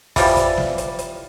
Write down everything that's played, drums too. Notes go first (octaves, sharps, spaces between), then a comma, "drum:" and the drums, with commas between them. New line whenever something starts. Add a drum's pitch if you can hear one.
E3 F3 G3, drum: kick, open hi-hat
drum: kick, hi-hat
drum: snare
drum: hi-hat
drum: hi-hat